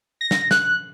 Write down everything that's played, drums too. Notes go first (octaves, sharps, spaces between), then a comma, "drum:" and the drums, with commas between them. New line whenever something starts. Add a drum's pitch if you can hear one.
A#6
drum: snare
F#6, drum: snare